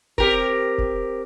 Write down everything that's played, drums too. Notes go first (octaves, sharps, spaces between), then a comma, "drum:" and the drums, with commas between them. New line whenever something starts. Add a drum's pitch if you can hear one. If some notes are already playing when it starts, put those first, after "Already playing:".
C4 G4 A#4, drum: kick F1
drum: kick F1